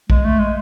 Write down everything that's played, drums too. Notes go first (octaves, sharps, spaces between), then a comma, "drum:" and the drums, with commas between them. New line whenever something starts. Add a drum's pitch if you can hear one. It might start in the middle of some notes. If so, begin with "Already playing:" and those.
G#3, drum: kick A#1
A3
G#3